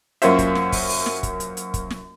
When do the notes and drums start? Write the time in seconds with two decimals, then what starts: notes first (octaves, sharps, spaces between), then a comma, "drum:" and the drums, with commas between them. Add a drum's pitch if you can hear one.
0.22 F#2 A#3 C#4 F4 C5 E5, drum: hi-hat
0.39 drum: kick, hi-hat
0.55 drum: snare
0.72 drum: kick, open hi-hat
0.89 drum: open hi-hat
1.06 drum: snare
1.23 drum: kick, hi-hat
1.40 drum: hi-hat
1.57 drum: hi-hat
1.74 drum: kick, hi-hat
1.91 drum: snare